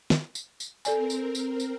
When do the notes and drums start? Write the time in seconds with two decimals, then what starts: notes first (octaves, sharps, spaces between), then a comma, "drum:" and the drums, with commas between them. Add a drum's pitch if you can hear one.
0.10 drum: snare
0.35 drum: tambourine
0.60 drum: tambourine
0.85 C4 A4 A#4 D5 G#5, drum: tambourine
1.10 drum: tambourine
1.35 drum: tambourine
1.60 drum: tambourine